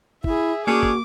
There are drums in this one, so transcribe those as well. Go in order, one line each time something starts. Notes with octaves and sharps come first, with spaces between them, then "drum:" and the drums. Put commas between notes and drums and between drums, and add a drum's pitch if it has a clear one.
E4 G#4 E5, drum: kick
A#3 C#4 D4 F#4 G#4 D6
drum: kick